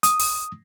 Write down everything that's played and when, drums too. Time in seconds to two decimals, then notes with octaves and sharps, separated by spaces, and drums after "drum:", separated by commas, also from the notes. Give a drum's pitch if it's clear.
0.03 D#6, drum: hi-hat
0.20 drum: open hi-hat